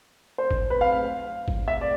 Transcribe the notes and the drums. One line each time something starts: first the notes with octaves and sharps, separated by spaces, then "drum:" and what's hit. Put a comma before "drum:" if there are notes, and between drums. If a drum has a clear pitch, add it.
C5
drum: kick
B4
F5
F5
drum: kick
E5
D5